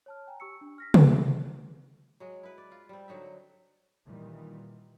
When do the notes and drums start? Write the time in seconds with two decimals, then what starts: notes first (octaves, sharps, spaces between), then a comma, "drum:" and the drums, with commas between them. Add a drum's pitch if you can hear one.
0.06 C#5 A5 F6
0.27 G5 G#5 A#5
0.40 G4 C#6 E6 C#7
0.61 D4
0.78 F6 A#6 B6
0.94 drum: tom
2.20 F#3 G#3
2.43 E4 B4
2.58 D5
2.71 F4
2.89 G3 C4
3.08 D3 F#3 D#4 E5
4.06 A#2 D#3 E3 G3